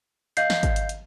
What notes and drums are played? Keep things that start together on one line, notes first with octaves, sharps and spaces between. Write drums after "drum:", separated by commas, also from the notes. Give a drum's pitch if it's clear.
D#5 F5 G6 C7, drum: hi-hat
drum: snare
drum: kick G#1, hi-hat
drum: hi-hat
drum: hi-hat